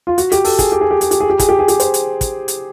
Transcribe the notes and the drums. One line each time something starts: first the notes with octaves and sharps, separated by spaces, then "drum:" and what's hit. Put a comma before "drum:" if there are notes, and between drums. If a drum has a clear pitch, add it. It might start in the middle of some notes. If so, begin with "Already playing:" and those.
F4
F#4, drum: hi-hat
G4, drum: hi-hat
A4, drum: open hi-hat
G#4, drum: kick, hi-hat
G4
G#4
G4
G#4, drum: hi-hat
G4, drum: hi-hat
G#4
G4
G#4, drum: kick, hi-hat
G4
G#4
G4, drum: hi-hat
C5, drum: hi-hat
drum: hi-hat
drum: kick, hi-hat
drum: hi-hat